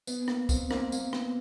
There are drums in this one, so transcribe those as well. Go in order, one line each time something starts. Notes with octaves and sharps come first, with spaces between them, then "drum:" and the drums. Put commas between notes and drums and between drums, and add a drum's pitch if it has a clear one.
B3, drum: tambourine
A#3, drum: rim click
A#3 C4, drum: kick, tambourine
A#3 C4, drum: rim click
A#3, drum: tambourine
B3, drum: rim click